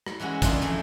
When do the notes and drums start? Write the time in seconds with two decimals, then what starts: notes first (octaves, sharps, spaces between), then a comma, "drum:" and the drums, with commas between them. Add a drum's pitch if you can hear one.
0.06 drum: rim click
0.20 E3 G#3 C#4 F#4
0.42 E3 D4 E4 F4 G#4 A#4, drum: kick, hi-hat
0.62 F2 F3 A3